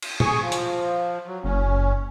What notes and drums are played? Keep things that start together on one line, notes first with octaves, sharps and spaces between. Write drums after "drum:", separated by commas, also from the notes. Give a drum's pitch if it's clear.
drum: cymbal
G#4 C#6, drum: tom A#2
F3
drum: hi-hat
F#3
F#1 C#4